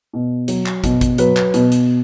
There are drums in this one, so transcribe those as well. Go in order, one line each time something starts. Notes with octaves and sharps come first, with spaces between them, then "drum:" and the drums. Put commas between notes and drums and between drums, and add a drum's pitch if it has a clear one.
B2
F#3, drum: hi-hat
drum: clap
B2, drum: kick, hi-hat
drum: kick, hi-hat
F#3 B4, drum: hi-hat
drum: clap
B2, drum: hi-hat
drum: hi-hat